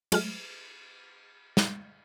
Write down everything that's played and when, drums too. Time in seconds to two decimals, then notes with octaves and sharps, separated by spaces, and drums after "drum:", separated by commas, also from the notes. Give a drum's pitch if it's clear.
0.12 F#3 G#3 A3 F6, drum: cymbal
1.57 drum: snare